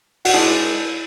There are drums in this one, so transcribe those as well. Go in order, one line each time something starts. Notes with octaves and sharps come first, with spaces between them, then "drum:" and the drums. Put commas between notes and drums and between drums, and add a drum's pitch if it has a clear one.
F#4, drum: open hi-hat
G#2 G#3 D4 E4 G#4